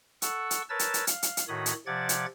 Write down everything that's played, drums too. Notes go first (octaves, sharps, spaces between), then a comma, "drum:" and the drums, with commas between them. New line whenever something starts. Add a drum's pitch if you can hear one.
A4 F#5 C#6 E6, drum: hi-hat
drum: hi-hat
A#4 B4 C#5 A5 E6 A6
drum: hi-hat
drum: hi-hat
F5, drum: hi-hat
drum: hi-hat
drum: hi-hat
A2 D#3 F#4 C#5 B5 D#6
drum: hi-hat
C3 F3 D5 F#5 G#6 A6
drum: hi-hat